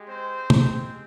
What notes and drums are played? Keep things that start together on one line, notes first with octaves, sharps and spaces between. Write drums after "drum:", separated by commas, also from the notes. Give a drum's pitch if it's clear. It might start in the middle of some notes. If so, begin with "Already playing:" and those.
Already playing: G#3 G4
C4 C5
G#3 C4 G4, drum: tom